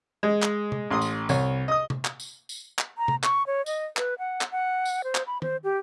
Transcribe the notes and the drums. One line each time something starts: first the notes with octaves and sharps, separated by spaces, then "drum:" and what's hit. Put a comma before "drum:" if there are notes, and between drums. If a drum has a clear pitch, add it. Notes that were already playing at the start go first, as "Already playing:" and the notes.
G#3
drum: clap
drum: tom C3
A1 C6 D#6
drum: tambourine
C2 C#5, drum: tambourine
D#5 D#6
drum: tom C3
drum: clap
drum: tambourine
drum: tambourine
drum: clap
A#5
drum: tom C3
C#6, drum: clap
C#5
D#5, drum: tambourine
B4, drum: clap
F#5
drum: clap
F#5
drum: tambourine
C5
drum: clap
B5
C5, drum: tom
G4